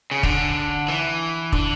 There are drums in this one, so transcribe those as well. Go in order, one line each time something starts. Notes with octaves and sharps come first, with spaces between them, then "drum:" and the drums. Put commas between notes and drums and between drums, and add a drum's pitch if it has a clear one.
C#3
D3, drum: kick
E3
D3, drum: kick